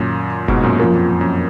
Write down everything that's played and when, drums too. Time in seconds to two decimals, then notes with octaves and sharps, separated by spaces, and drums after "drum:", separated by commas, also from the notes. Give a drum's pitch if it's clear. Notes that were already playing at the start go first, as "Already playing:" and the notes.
Already playing: F#2 A#2 D#3 A#3
0.48 G#2 B2, drum: kick F1
0.63 F#2 A#2
0.79 F#2 F3 A#3 F4 A#4
0.95 F2
1.10 F2
1.21 F#2